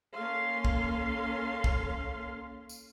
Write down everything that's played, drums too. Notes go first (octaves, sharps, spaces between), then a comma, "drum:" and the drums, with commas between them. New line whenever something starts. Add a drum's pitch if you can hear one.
A#3 C#4 A4 F5 C6
drum: kick C2
drum: kick C2
drum: tambourine